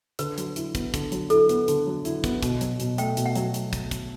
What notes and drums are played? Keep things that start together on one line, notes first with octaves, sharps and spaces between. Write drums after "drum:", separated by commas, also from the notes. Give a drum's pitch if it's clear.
D3 B4, drum: hi-hat
F#3, drum: hi-hat
E4, drum: hi-hat
B3, drum: kick, hi-hat
D3, drum: kick, hi-hat
F#3, drum: hi-hat
E4 A4, drum: hi-hat
B3, drum: hi-hat
D3, drum: hi-hat
F#3
E4, drum: hi-hat
B3, drum: kick, hi-hat
B2, drum: kick, hi-hat
F#3, drum: hi-hat
B2, drum: hi-hat
A3 G5, drum: hi-hat
B2, drum: hi-hat
F#5
F#3, drum: hi-hat
drum: hi-hat
drum: kick, hi-hat
drum: kick, hi-hat